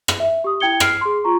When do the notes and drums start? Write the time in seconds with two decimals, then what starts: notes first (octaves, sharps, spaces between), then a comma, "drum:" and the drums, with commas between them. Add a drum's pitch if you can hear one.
0.08 drum: rim click
0.20 E5
0.44 G4 D#6
0.60 E4 G5 G#6 C#7 G7
0.80 F6 C7 D7, drum: rim click
1.01 G#4 C6
1.24 F4 A#5 C#6